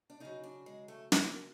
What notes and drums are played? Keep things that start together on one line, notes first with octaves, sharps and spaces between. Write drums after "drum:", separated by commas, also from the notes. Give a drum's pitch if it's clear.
D4
C#3 F#3 D#4
D4
G#3
A3
A#3, drum: snare